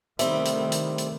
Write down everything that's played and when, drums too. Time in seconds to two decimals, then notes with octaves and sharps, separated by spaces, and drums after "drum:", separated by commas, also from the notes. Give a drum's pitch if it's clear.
0.19 C3 D#3 G3 A3 C4 E4 E5, drum: hi-hat
0.46 drum: hi-hat
0.72 drum: hi-hat
0.98 drum: hi-hat